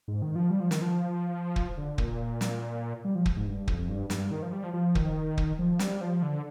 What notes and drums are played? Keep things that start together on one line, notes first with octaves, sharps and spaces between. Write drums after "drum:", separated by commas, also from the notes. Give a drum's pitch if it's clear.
G#2
D#3
F3
G3
F3
D#3, drum: snare
F3
drum: kick
D3
A#2, drum: kick
drum: snare
G3
F3
drum: kick
G#2
G2
F2, drum: kick
F2
G2
G2, drum: snare
D#3
F3
G3
F3
F3
D#3, drum: kick
drum: kick
F3
G3, drum: snare
F3
D3